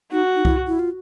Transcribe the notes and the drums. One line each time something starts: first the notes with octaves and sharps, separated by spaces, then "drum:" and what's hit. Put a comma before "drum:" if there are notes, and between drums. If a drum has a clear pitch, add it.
D#4 F#4
D#4
E4, drum: kick C2
E4
F4